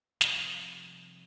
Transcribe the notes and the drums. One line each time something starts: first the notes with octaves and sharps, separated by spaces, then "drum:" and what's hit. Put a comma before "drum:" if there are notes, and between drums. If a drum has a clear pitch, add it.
C3 F3 G3, drum: snare